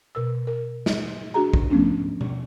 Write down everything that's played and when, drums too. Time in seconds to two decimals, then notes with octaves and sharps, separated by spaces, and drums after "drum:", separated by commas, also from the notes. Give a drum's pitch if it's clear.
0.15 B2 A#4 E6
0.47 A#4
0.86 drum: snare
1.34 D4 F#4 G#4 A#5
1.53 drum: kick
1.70 F3 A3 B3 C#4 D4
2.21 drum: tom B2